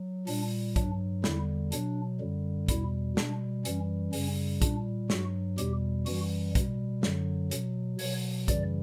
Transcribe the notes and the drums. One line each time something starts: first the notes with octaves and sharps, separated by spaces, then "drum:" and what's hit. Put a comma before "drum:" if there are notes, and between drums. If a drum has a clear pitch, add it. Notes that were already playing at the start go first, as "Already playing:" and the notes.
Already playing: F#3
A#2 G3 D4, drum: open hi-hat
G2 F#3 D4, drum: kick, hi-hat
E2 D3 G3 E4, drum: snare
B2 F#3 D4, drum: hi-hat
F#2 D3 G3
E2 B2 G3 E4, drum: kick, hi-hat
B2 G3 D4, drum: snare
F#2 E3 G3 C#4, drum: hi-hat
F#2 C#3 G3 C#4, drum: open hi-hat
A#2 G3 D4, drum: kick, hi-hat
G2 F#3 F#4, drum: snare
E2 B2 G3 G4, drum: hi-hat
F#2 E3 G3 F#4, drum: open hi-hat
B2 G3, drum: kick, hi-hat
F#2 D3 F#3, drum: snare
B2 F#3, drum: hi-hat
B2 F#3 C#5, drum: open hi-hat
F#2 C#3 E3 G3 D5, drum: kick, hi-hat